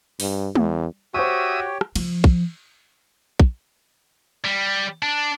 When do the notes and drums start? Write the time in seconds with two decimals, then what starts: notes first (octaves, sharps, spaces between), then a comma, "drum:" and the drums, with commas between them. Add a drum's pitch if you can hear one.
0.20 G2, drum: open hi-hat
0.55 E2, drum: tom
1.14 F#4 G4 C5 C#5 E5 G5 C#6 D#6
1.81 drum: rim click
1.96 F3, drum: cymbal
2.24 drum: kick
3.40 drum: kick
4.45 G3
5.02 D4